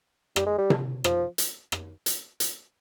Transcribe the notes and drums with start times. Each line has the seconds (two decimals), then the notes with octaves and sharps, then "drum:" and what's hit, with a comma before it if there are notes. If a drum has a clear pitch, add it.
0.36 G3, drum: rim click
0.46 G#3
0.58 G3
0.70 drum: tom C3
1.04 F3, drum: rim click
1.38 drum: hi-hat
1.72 drum: rim click
2.06 drum: hi-hat
2.40 drum: hi-hat